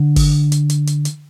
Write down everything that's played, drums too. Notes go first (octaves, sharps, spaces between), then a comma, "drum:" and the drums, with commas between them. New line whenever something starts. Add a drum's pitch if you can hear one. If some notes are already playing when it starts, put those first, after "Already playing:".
Already playing: D3
drum: kick, open hi-hat
drum: hi-hat
drum: hi-hat
drum: hi-hat
drum: hi-hat